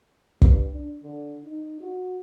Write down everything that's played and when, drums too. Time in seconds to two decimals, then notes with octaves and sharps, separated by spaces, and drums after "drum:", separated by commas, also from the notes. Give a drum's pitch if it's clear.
0.42 G2, drum: kick
0.73 D4
1.03 D3
1.45 D#4
1.81 F#4